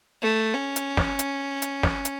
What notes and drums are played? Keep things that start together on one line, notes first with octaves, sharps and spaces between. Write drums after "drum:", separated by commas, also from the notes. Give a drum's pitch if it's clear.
A3
C#4
drum: hi-hat
drum: snare
drum: hi-hat
drum: hi-hat
drum: snare
drum: hi-hat